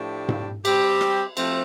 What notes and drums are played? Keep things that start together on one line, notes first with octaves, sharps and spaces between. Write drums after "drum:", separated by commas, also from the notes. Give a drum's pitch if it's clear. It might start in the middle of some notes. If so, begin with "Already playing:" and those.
Already playing: A2 F3 A3 D4 G4
drum: tom G#2
G3 C4 G4, drum: cymbal
drum: rim click
F3 A3 C4, drum: cymbal